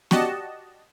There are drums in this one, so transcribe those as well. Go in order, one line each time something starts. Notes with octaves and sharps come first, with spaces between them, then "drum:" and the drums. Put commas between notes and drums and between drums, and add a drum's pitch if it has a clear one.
F#4 G4 D5 D#5 F#5 A5, drum: snare B3